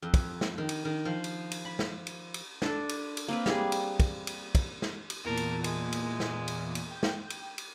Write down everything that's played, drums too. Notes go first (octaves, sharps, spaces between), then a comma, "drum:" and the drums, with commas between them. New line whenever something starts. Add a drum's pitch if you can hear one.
F2
drum: kick, cymbal
drum: snare
D#3
drum: cymbal
D#3
F3
drum: cymbal
drum: cymbal
B5
drum: snare
drum: cymbal
drum: cymbal
D4 A4, drum: snare
drum: cymbal
drum: cymbal
A#3 C4 B4
G3 G#4, drum: snare
drum: cymbal
drum: kick, cymbal
drum: cymbal
drum: kick, cymbal
drum: snare
drum: cymbal
E2 A#2 A#4 A5
drum: cymbal
G#3, drum: cymbal
drum: cymbal
drum: snare
drum: cymbal
drum: cymbal
G5
drum: snare
drum: cymbal
drum: cymbal